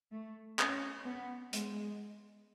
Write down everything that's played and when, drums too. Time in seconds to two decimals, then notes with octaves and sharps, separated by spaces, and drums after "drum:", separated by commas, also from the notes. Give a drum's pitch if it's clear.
0.12 A3
0.59 C#4, drum: clap
1.05 B3
1.53 G#3, drum: hi-hat